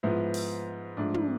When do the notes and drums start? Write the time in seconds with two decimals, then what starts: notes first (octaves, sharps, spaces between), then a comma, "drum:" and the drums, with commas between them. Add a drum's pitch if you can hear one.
0.03 G#2 F3 B3 E4
0.34 drum: open hi-hat
0.97 G#2 F3 A3 D4
1.14 drum: tom